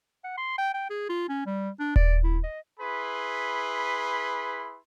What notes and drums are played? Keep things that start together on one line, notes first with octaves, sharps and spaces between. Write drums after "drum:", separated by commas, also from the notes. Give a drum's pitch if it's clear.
F#5
C6
G5
G5
G#4
F4
C#4
G3
D4
D5, drum: kick D#1
E4
D#5
E4 G#4 B4 B5 C6